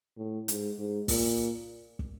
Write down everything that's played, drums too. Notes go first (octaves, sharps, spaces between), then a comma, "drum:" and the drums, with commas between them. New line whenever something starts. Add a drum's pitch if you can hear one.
A2
G#2, drum: hi-hat
G#2
A#2, drum: kick, open hi-hat
drum: kick